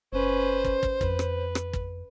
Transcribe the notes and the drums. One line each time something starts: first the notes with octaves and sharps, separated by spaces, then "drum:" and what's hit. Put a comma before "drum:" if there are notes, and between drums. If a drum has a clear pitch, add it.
F#1 C#4 B4 C5
drum: kick
drum: kick
F2 B4, drum: kick
drum: rim click
drum: rim click
drum: kick